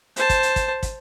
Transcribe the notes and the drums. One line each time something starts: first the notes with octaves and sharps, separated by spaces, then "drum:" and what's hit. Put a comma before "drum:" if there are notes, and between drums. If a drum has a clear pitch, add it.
C5 A5, drum: hi-hat
drum: kick, hi-hat
drum: hi-hat
drum: kick, hi-hat
drum: kick, hi-hat